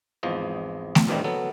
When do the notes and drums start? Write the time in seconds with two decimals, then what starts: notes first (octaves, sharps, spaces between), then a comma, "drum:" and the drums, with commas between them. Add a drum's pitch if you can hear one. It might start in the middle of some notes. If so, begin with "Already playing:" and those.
0.23 G#1 E2 F3 D#5
0.95 drum: snare A3
1.08 A#1 E2 G2 C3 D#3 G3
1.24 F#3 B3 A4